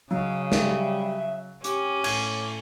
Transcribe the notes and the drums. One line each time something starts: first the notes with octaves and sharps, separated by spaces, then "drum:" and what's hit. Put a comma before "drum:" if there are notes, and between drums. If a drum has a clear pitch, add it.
C#3 F#3 D#5 F5
G3 E5, drum: snare
C#4 G4 D6, drum: hi-hat
A2 G#6, drum: cymbal